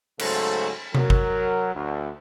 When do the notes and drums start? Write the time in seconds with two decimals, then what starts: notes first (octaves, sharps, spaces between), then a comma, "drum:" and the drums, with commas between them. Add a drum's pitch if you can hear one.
0.19 G#2 C#3 F#3 A3 A4 C5, drum: cymbal
0.95 F#3 A#4, drum: tom C3
1.10 drum: kick
1.75 D2